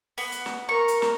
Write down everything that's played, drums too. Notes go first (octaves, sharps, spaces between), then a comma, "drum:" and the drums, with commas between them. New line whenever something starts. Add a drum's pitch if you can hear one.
B3, drum: open hi-hat
drum: hi-hat
drum: snare
A#4 C#6
drum: hi-hat
drum: snare